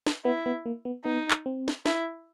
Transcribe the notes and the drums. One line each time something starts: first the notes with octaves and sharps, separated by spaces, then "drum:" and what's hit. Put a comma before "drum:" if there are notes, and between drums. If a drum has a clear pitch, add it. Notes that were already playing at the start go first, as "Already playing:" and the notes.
drum: snare
B3 E4
B3
A#3
B3
B3 D#4
drum: clap
C4
drum: snare
E4, drum: snare